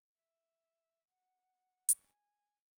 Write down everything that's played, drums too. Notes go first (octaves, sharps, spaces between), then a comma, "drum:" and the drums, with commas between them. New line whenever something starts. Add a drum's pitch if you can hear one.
E5
F#5
drum: hi-hat
G#5